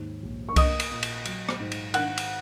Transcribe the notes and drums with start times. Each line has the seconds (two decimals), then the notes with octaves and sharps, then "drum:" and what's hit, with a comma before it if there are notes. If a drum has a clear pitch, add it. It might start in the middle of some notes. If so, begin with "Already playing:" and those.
Already playing: D#2 G#2
0.23 A#1
0.49 C#6
0.56 A#3 D#5 D#6, drum: kick C2, cymbal
0.80 drum: cymbal
0.91 A#2
1.03 drum: cymbal
1.25 F#3, drum: cymbal
1.49 drum: rim click
1.60 G#2
1.72 drum: cymbal
1.94 D#3 F#5 F#6, drum: cymbal
2.18 drum: cymbal